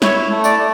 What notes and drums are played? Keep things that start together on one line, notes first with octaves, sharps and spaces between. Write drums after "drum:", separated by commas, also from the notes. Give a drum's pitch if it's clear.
E4 C#5, drum: snare
A3
D5, drum: tambourine
A3